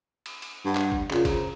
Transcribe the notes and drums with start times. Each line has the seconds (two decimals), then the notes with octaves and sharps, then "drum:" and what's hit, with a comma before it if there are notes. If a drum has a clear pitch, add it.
0.26 drum: cymbal
0.42 drum: cymbal
0.65 G2 F#5
0.75 drum: clap
0.92 drum: kick G1
1.11 C#3 F4 A#4 D5, drum: clap
1.25 C5 A#5, drum: kick G1, cymbal